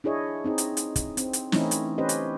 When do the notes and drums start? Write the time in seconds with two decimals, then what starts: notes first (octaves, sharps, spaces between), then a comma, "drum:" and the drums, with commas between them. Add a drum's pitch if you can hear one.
0.04 D4 E4 G#4 C#5 D#5
0.44 C4 D#4 G#4
0.58 drum: hi-hat
0.77 drum: hi-hat
0.96 drum: kick, hi-hat
1.17 C4, drum: hi-hat
1.33 drum: hi-hat
1.52 E3 A3 C4 C#4 D#4 E4, drum: snare
1.71 drum: hi-hat
1.98 C#4 G4 B4 C5 D#5
2.09 drum: hi-hat